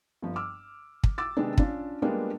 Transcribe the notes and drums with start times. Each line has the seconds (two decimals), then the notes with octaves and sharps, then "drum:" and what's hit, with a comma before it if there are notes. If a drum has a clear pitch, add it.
0.22 G1 F3
0.36 D6 E6 F6
1.04 drum: kick
1.18 D6 E6 A6
1.37 C3 D#3 G#3 B3 D4
1.58 C#4 D4 F4, drum: kick
2.02 G3 G#3 A#3 B3 D4 F4